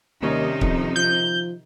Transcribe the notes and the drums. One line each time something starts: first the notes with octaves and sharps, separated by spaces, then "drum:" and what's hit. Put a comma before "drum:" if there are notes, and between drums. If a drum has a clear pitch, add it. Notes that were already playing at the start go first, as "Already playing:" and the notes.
D#2 C3 D#3 G3 C#4 D#4
F2, drum: kick C#1
F3 G6